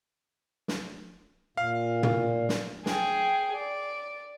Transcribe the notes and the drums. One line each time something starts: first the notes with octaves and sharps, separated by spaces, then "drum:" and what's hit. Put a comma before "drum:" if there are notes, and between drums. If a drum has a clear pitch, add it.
drum: snare
A#2 F5
drum: tom
drum: snare
G#4 G5, drum: snare
D5